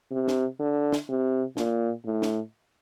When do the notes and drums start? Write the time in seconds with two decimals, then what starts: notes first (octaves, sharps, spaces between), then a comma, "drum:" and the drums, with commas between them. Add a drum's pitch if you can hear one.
0.11 C3
0.28 drum: snare
0.60 D3
0.92 drum: snare
1.09 C3
1.57 A#2, drum: snare
2.05 A2
2.22 drum: snare